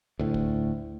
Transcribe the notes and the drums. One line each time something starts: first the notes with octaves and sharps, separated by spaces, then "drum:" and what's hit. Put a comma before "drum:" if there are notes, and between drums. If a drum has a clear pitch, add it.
D2 A2
drum: kick